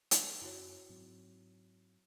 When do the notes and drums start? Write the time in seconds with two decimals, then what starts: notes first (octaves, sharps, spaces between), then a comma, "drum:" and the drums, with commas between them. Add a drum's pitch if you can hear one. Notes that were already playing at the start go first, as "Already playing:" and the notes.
0.11 drum: hi-hat
0.41 F#2 E4 F#4 C#5
0.89 G#2 F#3 C4